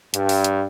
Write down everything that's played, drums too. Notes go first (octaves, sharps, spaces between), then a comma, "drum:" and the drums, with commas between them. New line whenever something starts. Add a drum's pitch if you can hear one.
G2, drum: hi-hat
drum: open hi-hat
drum: hi-hat